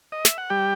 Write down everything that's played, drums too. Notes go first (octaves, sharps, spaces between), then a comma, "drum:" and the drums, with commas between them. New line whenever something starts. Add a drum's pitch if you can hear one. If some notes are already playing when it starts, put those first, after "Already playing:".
D#5
E5, drum: snare
F#5
G3 G4 G5